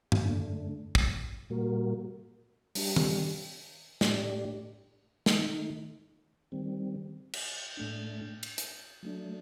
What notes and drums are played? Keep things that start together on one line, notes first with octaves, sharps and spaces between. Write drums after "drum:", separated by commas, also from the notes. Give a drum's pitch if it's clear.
drum: tom G2
F#2 D3 A3 D4
drum: kick
A#2 G3 A#3 F#4 A#4
G3 D4 G4, drum: open hi-hat
drum: tom D#3
A2 A3 D4 G4 D5, drum: snare
D#3 A3 D#4, drum: snare
D#3 G3 C4
drum: cymbal
A2 A3 D4
drum: cymbal
drum: hi-hat
F#3 A3 D4